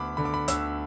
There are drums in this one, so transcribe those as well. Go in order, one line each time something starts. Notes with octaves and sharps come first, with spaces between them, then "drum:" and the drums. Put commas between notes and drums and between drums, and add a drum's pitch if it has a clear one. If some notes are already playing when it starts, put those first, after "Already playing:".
Already playing: D2 B3 B5 D6
D3 B5
D6
B5
D2 E6, drum: hi-hat